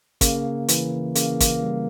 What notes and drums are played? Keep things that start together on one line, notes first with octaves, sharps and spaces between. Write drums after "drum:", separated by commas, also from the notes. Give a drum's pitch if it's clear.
C#3 A#3, drum: kick, hi-hat
E3, drum: hi-hat
C#3 A#3, drum: hi-hat
A#3, drum: kick, hi-hat
G3